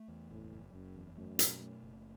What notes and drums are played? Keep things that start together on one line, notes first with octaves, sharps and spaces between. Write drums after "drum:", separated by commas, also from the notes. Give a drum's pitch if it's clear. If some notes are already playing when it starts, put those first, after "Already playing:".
Already playing: A3
E2
F#1 A2
F#1
F#1 F#2
E2
F#2 A3
B2, drum: hi-hat
A3
F#1